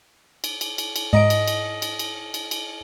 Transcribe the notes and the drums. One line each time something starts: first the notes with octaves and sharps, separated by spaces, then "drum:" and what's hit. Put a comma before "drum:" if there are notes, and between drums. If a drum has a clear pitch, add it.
drum: cymbal
drum: cymbal
drum: cymbal
drum: cymbal
G#2 D#5 A#5 D7
drum: cymbal
drum: cymbal
drum: cymbal
drum: cymbal
drum: cymbal
drum: cymbal